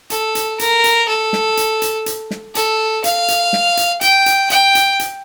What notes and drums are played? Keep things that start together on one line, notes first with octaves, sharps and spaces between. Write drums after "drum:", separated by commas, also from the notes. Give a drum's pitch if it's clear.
A4, drum: hi-hat
drum: hi-hat
A#4, drum: hi-hat
drum: hi-hat
A4
drum: snare
drum: hi-hat
drum: hi-hat
drum: hi-hat
drum: snare
A4, drum: hi-hat
F5, drum: hi-hat
drum: hi-hat
drum: snare
drum: hi-hat
G5, drum: hi-hat
drum: hi-hat
G5, drum: hi-hat
drum: hi-hat
drum: hi-hat